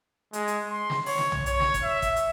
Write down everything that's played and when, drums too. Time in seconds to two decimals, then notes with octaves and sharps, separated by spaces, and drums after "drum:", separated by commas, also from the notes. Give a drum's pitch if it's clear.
0.33 G#3, drum: hi-hat
0.47 drum: hi-hat
0.69 C6
0.90 drum: snare
1.06 C#5, drum: open hi-hat
1.18 drum: snare
1.32 drum: tom B1
1.46 C#5, drum: hi-hat
1.60 drum: snare
1.74 drum: kick, hi-hat
1.84 E5
2.02 drum: kick, hi-hat
2.16 drum: hi-hat